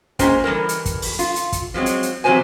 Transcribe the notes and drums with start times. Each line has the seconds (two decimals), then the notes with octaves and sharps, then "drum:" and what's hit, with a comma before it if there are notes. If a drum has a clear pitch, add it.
0.19 A#2 G#3 C#4 C5 G5 A#5, drum: kick, hi-hat
0.44 E3 G3 A4 A#4
0.69 drum: hi-hat
0.85 drum: kick, hi-hat
1.02 drum: open hi-hat
1.19 F4, drum: hi-hat
1.36 drum: hi-hat
1.52 drum: kick, hi-hat
1.74 F3 F#3 G#3 C4
1.86 drum: hi-hat
2.03 drum: hi-hat
2.24 E2 C3 D#3 F#3 C5 G#5